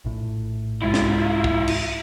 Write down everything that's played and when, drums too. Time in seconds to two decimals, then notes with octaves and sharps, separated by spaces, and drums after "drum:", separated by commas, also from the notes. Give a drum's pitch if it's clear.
0.05 A#1 A2
0.82 C2 G#2 G#3 E4 F4
0.94 drum: snare
1.44 drum: kick
1.68 drum: cymbal